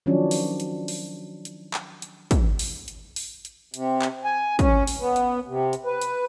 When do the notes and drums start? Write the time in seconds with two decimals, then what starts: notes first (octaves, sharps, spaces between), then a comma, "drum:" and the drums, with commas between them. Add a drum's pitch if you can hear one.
0.06 D#3 F3 F#3 C#4 D4
0.31 drum: open hi-hat
0.60 drum: hi-hat
0.88 drum: open hi-hat
1.45 drum: hi-hat
1.74 drum: clap
2.02 drum: hi-hat
2.31 drum: kick, hi-hat
2.59 drum: open hi-hat
2.88 drum: hi-hat
3.16 drum: open hi-hat
3.45 drum: hi-hat
3.74 C3, drum: hi-hat
4.02 drum: clap
4.25 G#5
4.59 C#4, drum: kick, hi-hat
4.87 drum: open hi-hat
4.99 B3
5.16 drum: hi-hat
5.48 C3
5.73 drum: hi-hat
5.85 B4
6.02 drum: hi-hat